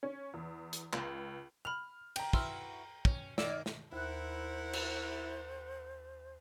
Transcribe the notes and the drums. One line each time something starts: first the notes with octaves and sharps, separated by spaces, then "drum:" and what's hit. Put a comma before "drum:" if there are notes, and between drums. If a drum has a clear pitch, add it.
C#4
E2
drum: hi-hat
C#2, drum: clap
B5 F6 F7
G5 A#5, drum: cymbal
E4 F#4 B4 C6 E6 F6, drum: kick
C#4, drum: kick
D#3 A#3 D5 E6 E7, drum: snare
drum: snare
D#2 E4 A#4 C5 F#5 F#6
drum: cymbal